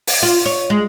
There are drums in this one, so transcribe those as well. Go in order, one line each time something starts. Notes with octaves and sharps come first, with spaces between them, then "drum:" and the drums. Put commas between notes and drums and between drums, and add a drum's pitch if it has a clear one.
drum: open hi-hat
F4
C#5
G#3